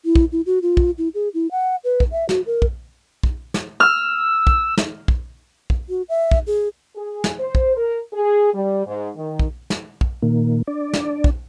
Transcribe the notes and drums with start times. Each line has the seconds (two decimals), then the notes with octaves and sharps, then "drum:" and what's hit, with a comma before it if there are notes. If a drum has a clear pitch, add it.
0.05 E4
0.15 drum: kick
0.32 E4
0.46 F#4
0.62 F4
0.77 drum: kick
0.98 E4
1.14 G#4
1.34 E4
1.51 F#5
1.84 B4
2.00 drum: kick
2.12 E5
2.29 F#4, drum: snare
2.46 A#4
2.62 drum: kick
3.23 drum: kick
3.54 drum: snare
3.80 E6 F6
4.47 drum: kick
4.77 drum: snare
5.08 drum: kick
5.70 drum: kick
5.89 F#4
6.09 E5
6.31 drum: kick
6.47 G#4
6.96 G#4
7.24 drum: snare
7.40 C5
7.55 drum: kick
7.76 A#4
8.13 G#4
8.54 G3
8.87 G#2
9.17 D#3
9.39 drum: kick
9.70 drum: snare
10.01 drum: kick
10.22 A#2 D#3 A#3
10.67 D4 D5
10.93 drum: snare
11.24 drum: kick